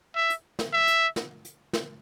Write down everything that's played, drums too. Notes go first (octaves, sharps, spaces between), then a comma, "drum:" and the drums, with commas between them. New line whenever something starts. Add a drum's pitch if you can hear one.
E5
drum: hi-hat
drum: snare
E5
drum: hi-hat
drum: snare
drum: hi-hat
drum: snare